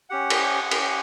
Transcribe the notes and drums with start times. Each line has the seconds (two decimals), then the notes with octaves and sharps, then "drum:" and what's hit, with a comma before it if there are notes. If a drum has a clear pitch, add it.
0.10 C#4 G4 F#5
0.30 drum: cymbal
0.71 C#4 G4, drum: cymbal